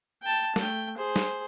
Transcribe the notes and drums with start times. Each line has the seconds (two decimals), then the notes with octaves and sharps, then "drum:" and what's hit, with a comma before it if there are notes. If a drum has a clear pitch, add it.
0.23 G5 A5
0.56 A3 G5, drum: snare
0.97 G#4 C5
1.16 drum: snare